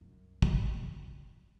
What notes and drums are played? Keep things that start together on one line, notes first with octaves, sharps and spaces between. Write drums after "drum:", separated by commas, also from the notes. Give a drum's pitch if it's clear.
C2 F#2
drum: kick